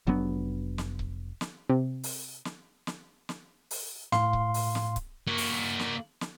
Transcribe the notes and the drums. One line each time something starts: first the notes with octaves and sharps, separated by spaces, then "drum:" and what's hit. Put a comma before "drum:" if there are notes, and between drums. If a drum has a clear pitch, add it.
F1 F#3 B3 D4
drum: snare
drum: kick C#1
drum: snare
C3
drum: open hi-hat
drum: snare
drum: snare
drum: snare
drum: open hi-hat
A2 F5 C6, drum: snare
drum: kick C#1
drum: open hi-hat
drum: snare
drum: kick C#1, hi-hat
A#3 F#4
drum: open hi-hat
drum: snare
drum: snare